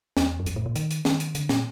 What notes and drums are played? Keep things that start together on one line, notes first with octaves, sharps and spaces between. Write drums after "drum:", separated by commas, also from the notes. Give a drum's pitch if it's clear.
E2, drum: snare
F#2
F2, drum: hi-hat
A2
A#2
D#3, drum: hi-hat
drum: hi-hat
D#3, drum: snare
drum: hi-hat
D3, drum: hi-hat
A#2, drum: snare